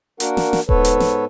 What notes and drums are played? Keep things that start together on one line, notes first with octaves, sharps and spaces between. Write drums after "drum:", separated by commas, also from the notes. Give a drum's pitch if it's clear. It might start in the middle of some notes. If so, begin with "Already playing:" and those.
A#3 D4 F#4 A#4 F#5, drum: hi-hat
drum: snare
drum: snare
G#2 B3 A4 B4 C#5, drum: kick D#1
drum: hi-hat
drum: snare